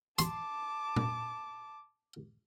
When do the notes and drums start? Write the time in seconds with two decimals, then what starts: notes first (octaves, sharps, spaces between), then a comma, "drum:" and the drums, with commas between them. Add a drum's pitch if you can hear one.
0.19 A5 C6 D6, drum: hi-hat
0.96 drum: tom A#2